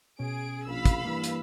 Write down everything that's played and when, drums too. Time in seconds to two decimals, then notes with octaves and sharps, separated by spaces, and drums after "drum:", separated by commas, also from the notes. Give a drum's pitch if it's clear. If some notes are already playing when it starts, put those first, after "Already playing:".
0.19 B2 C#4 G#4 D7
0.67 A#1 F5 B5 E6
0.85 drum: kick, hi-hat
1.05 G2 E3 A#3
1.24 drum: hi-hat